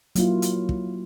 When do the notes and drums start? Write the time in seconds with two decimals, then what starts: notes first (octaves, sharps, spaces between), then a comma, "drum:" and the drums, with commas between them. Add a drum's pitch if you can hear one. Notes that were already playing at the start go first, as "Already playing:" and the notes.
0.15 F#3 A#3 E4 F4, drum: hi-hat
0.42 drum: hi-hat
0.69 drum: kick